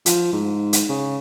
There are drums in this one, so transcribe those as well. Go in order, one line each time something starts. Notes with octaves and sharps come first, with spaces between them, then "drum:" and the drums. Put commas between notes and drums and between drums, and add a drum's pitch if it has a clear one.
F3, drum: hi-hat
G#2
drum: hi-hat
C#3